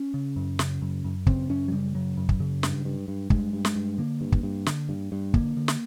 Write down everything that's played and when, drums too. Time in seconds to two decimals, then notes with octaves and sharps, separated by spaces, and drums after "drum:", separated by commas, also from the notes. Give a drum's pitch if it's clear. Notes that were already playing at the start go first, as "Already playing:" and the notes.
Already playing: C#4
0.14 C#3
0.36 F#2
0.59 C#3, drum: snare
0.82 F#2
1.05 F#2
1.27 C#3 C4, drum: kick
1.49 F#2 C#4
1.68 F#3
1.72 C#3 G3
1.95 F#2 F#3
2.17 F#2
2.29 drum: kick
2.40 C#3
2.63 G2, drum: snare
2.85 G2
3.08 G2
3.30 G2 G#3, drum: kick
3.53 G2
3.65 G#3, drum: snare
3.75 G2
3.98 D3 A#3
4.21 G2
4.32 drum: kick
4.43 G2
4.66 D3, drum: snare
4.89 G2
5.12 G2
5.34 D3 A#3, drum: kick
5.57 D3
5.68 drum: snare